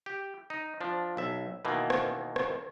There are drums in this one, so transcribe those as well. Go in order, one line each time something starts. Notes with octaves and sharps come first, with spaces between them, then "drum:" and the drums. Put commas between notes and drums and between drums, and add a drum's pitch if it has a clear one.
G4
D#4
F3 D4
B1 E5
B2 D#3 E3 A#3
drum: rim click
drum: rim click